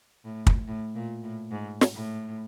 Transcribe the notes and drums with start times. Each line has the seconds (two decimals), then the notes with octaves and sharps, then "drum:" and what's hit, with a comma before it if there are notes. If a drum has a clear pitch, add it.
0.25 A2
0.47 drum: kick
0.68 A2
0.95 A#2
1.23 A2
1.51 G#2
1.81 drum: snare
1.94 A2